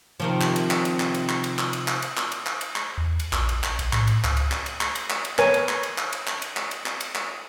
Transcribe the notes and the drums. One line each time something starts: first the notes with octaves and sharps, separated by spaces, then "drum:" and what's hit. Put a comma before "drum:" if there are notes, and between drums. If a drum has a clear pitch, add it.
C3 D#3 F3
drum: clap
drum: cymbal
drum: clap
drum: cymbal
drum: clap
drum: cymbal
drum: clap
drum: cymbal
drum: clap
drum: cymbal
drum: clap
drum: cymbal
drum: clap
drum: cymbal
drum: clap
drum: cymbal
drum: clap
E2
drum: cymbal
A#1, drum: clap
drum: cymbal
drum: clap
B1, drum: cymbal
A2, drum: clap
drum: cymbal
C#2, drum: clap
drum: cymbal
drum: clap
drum: cymbal
drum: clap
drum: cymbal
drum: clap
drum: cymbal
A#4 B4 C#5 G#5, drum: clap
drum: cymbal
drum: clap
drum: cymbal
drum: clap
drum: cymbal
drum: clap
drum: cymbal
drum: clap
drum: cymbal
drum: clap
drum: cymbal
drum: clap